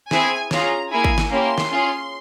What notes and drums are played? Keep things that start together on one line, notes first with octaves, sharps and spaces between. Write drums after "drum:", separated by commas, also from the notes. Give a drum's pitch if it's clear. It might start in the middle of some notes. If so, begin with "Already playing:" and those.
C4 E4 G#4 G#5, drum: snare
C#4 F4 G#4 A#5, drum: snare
A#3 E4 G#4 G#5
drum: kick
drum: snare
A#3 C#4 E4 G4 C6
drum: snare
C#4 F4 G#4